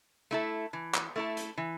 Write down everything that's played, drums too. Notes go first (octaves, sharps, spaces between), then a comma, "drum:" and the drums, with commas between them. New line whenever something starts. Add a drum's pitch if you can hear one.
A3 E4 A4
E3
drum: clap
A3 E4 A4
drum: hi-hat
E3